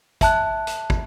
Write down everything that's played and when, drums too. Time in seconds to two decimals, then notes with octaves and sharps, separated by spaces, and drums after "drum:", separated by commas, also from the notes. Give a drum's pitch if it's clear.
0.21 E5 A5 F#6, drum: kick, hi-hat
0.67 drum: hi-hat
0.90 drum: kick